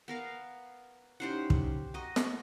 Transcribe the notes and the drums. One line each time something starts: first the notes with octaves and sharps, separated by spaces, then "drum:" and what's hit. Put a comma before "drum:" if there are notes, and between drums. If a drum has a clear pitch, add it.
B3 A#4 F5
C#4 D#4 E4 G4 C5 F#5
drum: kick
F#4 D#5 A#5
drum: snare